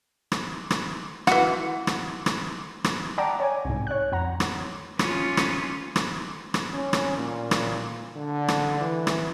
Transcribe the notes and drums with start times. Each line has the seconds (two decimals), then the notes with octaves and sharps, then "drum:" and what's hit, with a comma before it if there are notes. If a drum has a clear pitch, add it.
0.32 drum: rim click
0.70 drum: rim click
1.27 E3 F#4, drum: rim click
1.87 drum: rim click
2.26 drum: rim click
2.84 drum: rim click
3.18 D5 F#5 G5 A5 A#5 D6
3.40 C#5 G#5
3.65 C2 G#2
3.87 C#5 F#6
4.12 F2 F#5 A#5
4.40 drum: rim click
4.99 C#4 F4, drum: rim click
5.37 drum: rim click
5.96 drum: rim click
6.54 drum: rim click
6.73 C#4
6.93 drum: rim click
7.17 A#2
7.51 drum: rim click
8.16 D3
8.48 drum: rim click
8.81 E3
9.07 drum: rim click